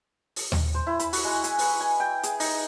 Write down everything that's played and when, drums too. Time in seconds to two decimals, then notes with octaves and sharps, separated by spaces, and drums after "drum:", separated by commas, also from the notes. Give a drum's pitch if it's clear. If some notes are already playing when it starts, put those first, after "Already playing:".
0.36 drum: open hi-hat
0.52 drum: tom D#2
0.74 C5
0.87 E4
0.99 B5, drum: hi-hat
1.13 F#4, drum: open hi-hat
1.25 G#3
1.44 G#5, drum: hi-hat
1.59 B4, drum: open hi-hat
1.80 G#5
2.00 G5
2.23 G#4, drum: hi-hat
2.40 D#4, drum: open hi-hat